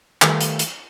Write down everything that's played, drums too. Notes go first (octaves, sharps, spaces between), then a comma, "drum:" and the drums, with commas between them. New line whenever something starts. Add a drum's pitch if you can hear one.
D#3 G3 A3 F4 A4 B4, drum: clap
drum: hi-hat
drum: hi-hat